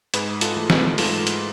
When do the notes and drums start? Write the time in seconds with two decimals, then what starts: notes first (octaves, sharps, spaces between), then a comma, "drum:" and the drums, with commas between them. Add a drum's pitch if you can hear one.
0.14 G#2 G#4 B4, drum: hi-hat
0.41 F4 A4, drum: hi-hat
0.57 E3 A3
0.70 F4 A4, drum: snare
0.98 G#2 F4 A4, drum: open hi-hat
1.27 drum: hi-hat